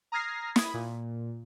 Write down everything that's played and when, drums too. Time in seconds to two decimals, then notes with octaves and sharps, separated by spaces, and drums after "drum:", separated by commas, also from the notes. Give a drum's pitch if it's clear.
0.12 A#5 D#6 F6 G#6 A#6 C7
0.56 B5 D#6 G#6, drum: snare
0.74 A#2